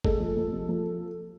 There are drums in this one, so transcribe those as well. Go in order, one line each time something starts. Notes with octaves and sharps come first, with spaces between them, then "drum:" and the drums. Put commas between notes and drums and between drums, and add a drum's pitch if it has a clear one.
G#3 A4, drum: kick
F3
F3
C3
F3